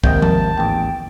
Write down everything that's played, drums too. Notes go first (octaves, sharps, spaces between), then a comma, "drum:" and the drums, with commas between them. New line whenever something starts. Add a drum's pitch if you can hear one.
G#1 D#2 C3 A#4 D#5 G5, drum: kick
A5, drum: tom F3
A1 E2 G5